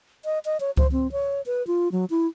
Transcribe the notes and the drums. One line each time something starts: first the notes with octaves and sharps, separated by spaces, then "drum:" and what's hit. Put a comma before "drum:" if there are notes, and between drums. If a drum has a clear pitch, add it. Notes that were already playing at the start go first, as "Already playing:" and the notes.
D#5
D#5
C#5
C5, drum: kick C#2
C4
C#5
B4
F4
F#3
E4